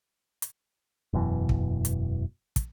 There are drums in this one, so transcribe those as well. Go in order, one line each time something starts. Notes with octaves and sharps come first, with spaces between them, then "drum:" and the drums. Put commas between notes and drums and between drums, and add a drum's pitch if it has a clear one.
drum: hi-hat
E1 F#2 B2 E3
drum: kick
drum: hi-hat
drum: kick, hi-hat